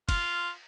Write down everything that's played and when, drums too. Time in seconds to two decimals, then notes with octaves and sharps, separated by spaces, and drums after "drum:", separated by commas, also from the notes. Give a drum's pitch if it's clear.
0.09 F4, drum: kick, cymbal